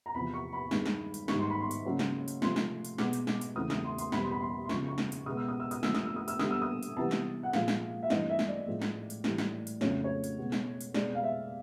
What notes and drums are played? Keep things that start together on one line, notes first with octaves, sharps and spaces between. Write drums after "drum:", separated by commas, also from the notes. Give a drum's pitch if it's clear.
A#5
E2 C3 F3 B5
C#6
B5
G2 D#3 G#3, drum: snare
drum: snare
drum: hi-hat
G#2 D#3 G3 C#6, drum: snare
C6
B5
C6
drum: hi-hat
C#3 F#3 A#3 C#4
drum: snare
drum: hi-hat
C3 F3 A3 C6, drum: snare
drum: snare
drum: hi-hat
B2 G#3 B3 D6, drum: snare
drum: hi-hat
drum: snare
drum: hi-hat
E2 C#3 E3 A3 C4 D#6
D#6, drum: snare
C6
C6, drum: hi-hat
E2 B2 G3 C4 B5, drum: snare
C6
B5
C6
B5
C6
F#2 C#3 F3 C#6, drum: snare
C#6
drum: snare
drum: hi-hat
B2 G#3 B3 D#6
E6
D#6
E6
D#6, drum: hi-hat
D3 F3 A3 C4 E6, drum: snare
D#6, drum: snare
E6
D#6
E6, drum: hi-hat
D3 G3 B3 D#6, drum: snare
E6
D#6
drum: hi-hat
C3 E3 G3 B3 A5
drum: snare
F#5
A#2 F3 G#3 F5, drum: snare
drum: snare
E5
G2 E3 A3 C4 D#5, drum: snare
E5
drum: snare
D5
A2 F3 G#3
drum: snare
drum: hi-hat
A2 E3 G3, drum: snare
drum: snare
drum: hi-hat
F2 C#3 F#3 A3 C#4 C#5, drum: snare
C#5
drum: hi-hat
B2 G#3 B3
drum: snare
drum: hi-hat
B2 G#3 C4 D5, drum: snare
F5
E5